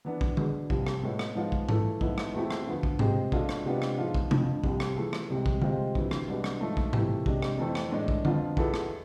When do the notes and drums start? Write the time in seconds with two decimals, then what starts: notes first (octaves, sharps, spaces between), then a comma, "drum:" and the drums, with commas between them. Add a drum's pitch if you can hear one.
0.05 E3 B3 D4
0.21 drum: kick
0.37 B2 B3 D4 G#4, drum: tom D3
0.70 C2 C3 F3, drum: kick
0.87 drum: rim click
1.03 A2 G#3 B3 E4 G#4
1.19 drum: rim click
1.35 G#2 F3 G#3 B3 F4
1.52 drum: kick
1.69 E3 A3 E4 A4, drum: tom G#2
2.01 G#2 F3 B3 E4, drum: kick
2.18 drum: rim click
2.34 E2 B2 A3 C4 E4
2.51 drum: rim click
2.67 D2 D3 F3 B3
2.83 drum: kick
2.99 C3 G#3 C4 G#4, drum: tom G#2
3.32 B2 G#3 D4 F4 A4, drum: kick
3.49 drum: rim click
3.65 C3 G#3 B3 D4 F4
3.82 drum: rim click
3.98 G#2 F3 B3 F4 G#4
4.15 drum: kick
4.31 F2 D3 F3, drum: tom C3
4.64 C2 C3 F3, drum: kick
4.80 drum: rim click
4.97 E3 A3 E4 G#4
5.13 drum: rim click
5.30 C2 C3 G#3
5.46 drum: kick
5.62 C2 C3 G#3 C4 F4, drum: tom D3
5.95 D2 C3 E3, drum: kick
6.11 drum: rim click
6.28 C2 B2 G#3 B3 D4
6.44 drum: rim click
6.61 G#2 F3 A3
6.77 drum: kick
6.93 C3 E3 A3 E4, drum: tom G#2
7.26 C3 G#3 D4, drum: kick
7.42 drum: rim click
7.58 F2 E3 A3 C4 E4
7.75 drum: rim click
7.91 A2 E3 G#3 D4
8.08 drum: kick
8.25 F2 D3 F3 B3 F4, drum: tom D3
8.57 E2 B2 B3 E4 A4, drum: kick
8.74 drum: rim click